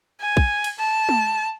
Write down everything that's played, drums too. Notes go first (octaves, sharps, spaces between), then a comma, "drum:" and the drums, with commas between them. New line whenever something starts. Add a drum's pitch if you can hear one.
G#5
drum: kick
drum: cymbal
A5
drum: tom